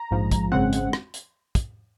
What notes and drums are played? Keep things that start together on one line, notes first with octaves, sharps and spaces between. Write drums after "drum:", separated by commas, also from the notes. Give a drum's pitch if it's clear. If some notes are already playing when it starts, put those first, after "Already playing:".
Already playing: A#5
A#1 G#2 F3
drum: kick, hi-hat
G#1 F#2 C#3 G#3 C4 F#5
drum: hi-hat
drum: rim click
drum: hi-hat
drum: kick, hi-hat